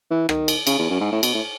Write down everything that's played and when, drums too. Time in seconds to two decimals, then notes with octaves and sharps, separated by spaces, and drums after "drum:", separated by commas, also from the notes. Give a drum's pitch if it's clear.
0.11 E3
0.29 D#3, drum: rim click
0.48 drum: cymbal
0.67 C#3, drum: cymbal
0.79 E2
0.90 F#2
1.00 G#2
1.12 A2
1.23 B2, drum: cymbal
1.34 A2